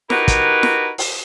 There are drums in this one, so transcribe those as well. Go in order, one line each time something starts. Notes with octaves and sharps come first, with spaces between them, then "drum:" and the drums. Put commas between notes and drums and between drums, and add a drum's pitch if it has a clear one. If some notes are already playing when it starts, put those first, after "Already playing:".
D#4 E4 F#4 G4 A#4 B4, drum: snare
drum: kick, hi-hat
drum: snare
drum: open hi-hat